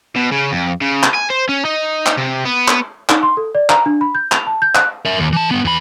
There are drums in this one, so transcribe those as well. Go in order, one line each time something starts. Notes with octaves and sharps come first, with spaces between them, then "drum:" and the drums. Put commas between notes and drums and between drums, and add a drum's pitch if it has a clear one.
B2
C#3
F2
C#3
drum: clap
G#5
C5
C#4
D#4
drum: clap
C3
B3
drum: clap
D#4, drum: clap
C6
A4
D5
A#5, drum: clap
D4
B5
G6
F7, drum: clap
A5
G6
F#6, drum: clap
A#4 E5
D#2
E3 A5
G2 B3
E2 B5